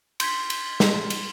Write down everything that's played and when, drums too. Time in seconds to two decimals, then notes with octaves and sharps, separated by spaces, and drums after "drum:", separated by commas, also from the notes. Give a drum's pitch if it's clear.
0.20 C6 G6 G#6 B6, drum: cymbal
0.50 drum: cymbal
0.80 drum: snare
1.10 drum: cymbal